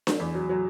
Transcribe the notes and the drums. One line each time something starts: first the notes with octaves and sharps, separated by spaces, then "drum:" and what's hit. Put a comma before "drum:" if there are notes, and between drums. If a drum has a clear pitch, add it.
drum: snare D4
E2
F#3
F#3